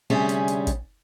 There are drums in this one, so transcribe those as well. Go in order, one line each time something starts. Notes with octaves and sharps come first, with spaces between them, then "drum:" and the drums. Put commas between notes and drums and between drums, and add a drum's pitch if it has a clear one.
D2 C3 G3 C#4 G#4
drum: hi-hat
drum: hi-hat
drum: kick, hi-hat